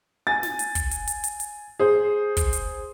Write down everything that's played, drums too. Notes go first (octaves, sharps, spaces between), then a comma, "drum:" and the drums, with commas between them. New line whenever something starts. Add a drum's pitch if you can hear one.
G#5 A6
drum: snare
drum: hi-hat
drum: kick, hi-hat
drum: hi-hat
drum: hi-hat
drum: hi-hat
drum: hi-hat
G#4 C5
drum: kick, hi-hat
drum: hi-hat